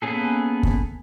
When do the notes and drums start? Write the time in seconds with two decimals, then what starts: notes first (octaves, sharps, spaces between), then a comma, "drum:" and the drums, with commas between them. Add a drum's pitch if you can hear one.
0.02 A#3 B3 C#4 G#4 A4
0.63 drum: kick